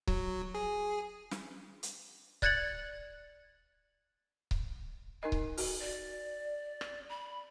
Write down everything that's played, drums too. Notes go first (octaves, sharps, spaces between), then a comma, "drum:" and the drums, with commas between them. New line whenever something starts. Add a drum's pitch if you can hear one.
F#3, drum: kick C#1
G#4
drum: snare
drum: hi-hat
D5 F#6 G#6 A6 C#7 F#7, drum: kick C#1
drum: kick C#1
D#4 A#4 D#5 G#5
drum: kick C#1
F#4, drum: open hi-hat
D5
drum: rim click
B5